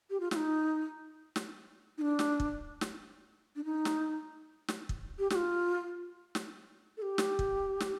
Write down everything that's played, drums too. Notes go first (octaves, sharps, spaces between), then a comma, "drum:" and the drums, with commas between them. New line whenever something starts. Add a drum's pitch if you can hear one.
G4
F4
F4, drum: snare
D#4
drum: snare
D#4
D4
drum: snare
drum: kick
drum: snare
D4
D#4
drum: snare
drum: snare
drum: kick
G4
G4, drum: snare
F4
drum: snare
A4
G4
drum: snare
drum: kick
drum: snare